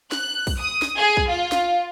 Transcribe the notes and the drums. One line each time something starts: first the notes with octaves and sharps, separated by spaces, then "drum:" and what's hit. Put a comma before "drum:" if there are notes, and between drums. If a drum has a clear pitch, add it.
F#6, drum: snare
drum: kick B1, open hi-hat
D#6
drum: snare
G#4
drum: kick B1
F4
drum: snare